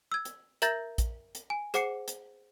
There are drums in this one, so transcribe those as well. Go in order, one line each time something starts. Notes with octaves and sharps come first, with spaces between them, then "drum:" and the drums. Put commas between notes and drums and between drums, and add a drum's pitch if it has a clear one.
E6 G#6
drum: hi-hat
A#4 E5 A#5 G6 A6 A#6, drum: hi-hat
drum: kick A#1, hi-hat
drum: hi-hat
G#5
G#4 C5 F#5 D6 C7 C#7, drum: hi-hat
drum: hi-hat